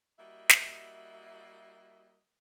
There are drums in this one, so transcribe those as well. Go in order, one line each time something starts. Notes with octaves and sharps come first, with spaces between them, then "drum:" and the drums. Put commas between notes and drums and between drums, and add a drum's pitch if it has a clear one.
G3 A#3 E4 F#4 D#5 E5
drum: snare